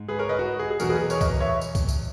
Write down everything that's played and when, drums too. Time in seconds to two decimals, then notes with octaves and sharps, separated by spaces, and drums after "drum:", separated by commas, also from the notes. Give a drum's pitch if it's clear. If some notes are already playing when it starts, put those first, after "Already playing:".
Already playing: G#2
0.08 G#4 B4
0.19 A#4 C#5
0.29 B4 D#5
0.39 F#4
0.59 G#4
0.71 G#4
0.80 E2 B2 F#3 F#4 A#4, drum: tambourine
0.90 G#4 B4
1.10 A#4 C#5, drum: tambourine
1.21 B4 D#5, drum: kick C2, tambourine
1.40 C#5 E5
1.61 drum: tambourine
1.75 drum: kick C2, tambourine
1.89 drum: tambourine